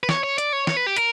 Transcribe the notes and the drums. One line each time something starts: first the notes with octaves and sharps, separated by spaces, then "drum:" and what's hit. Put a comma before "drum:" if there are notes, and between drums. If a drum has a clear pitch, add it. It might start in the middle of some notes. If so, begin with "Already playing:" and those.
B4
C#5, drum: snare
C#5
D5, drum: hi-hat
C#5
C#5, drum: snare
B4
G4
A#4, drum: hi-hat